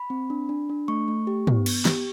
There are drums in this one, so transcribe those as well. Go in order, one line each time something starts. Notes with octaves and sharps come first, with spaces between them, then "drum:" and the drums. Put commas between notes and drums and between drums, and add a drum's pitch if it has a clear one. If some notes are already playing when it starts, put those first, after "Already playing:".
Already playing: B5
C4
D4
D4
D4
A3 C#6
A3
G4
B3, drum: tom
B3, drum: cymbal
G4, drum: snare